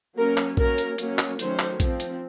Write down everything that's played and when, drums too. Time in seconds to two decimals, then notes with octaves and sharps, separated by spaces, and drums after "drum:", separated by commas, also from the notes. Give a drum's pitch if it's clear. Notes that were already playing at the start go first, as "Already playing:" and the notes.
0.17 F#3 A#3 C#4 A#4
0.37 drum: clap
0.57 F#3 A#3 C#4 A#4, drum: kick A#1
0.78 drum: hi-hat
0.98 F#3 A#3 C#4, drum: hi-hat
1.19 drum: clap
1.39 D#3 F#3 A3 C#4 C5, drum: hi-hat
1.59 drum: clap
1.80 F3 C4, drum: kick A#1, hi-hat
2.00 drum: hi-hat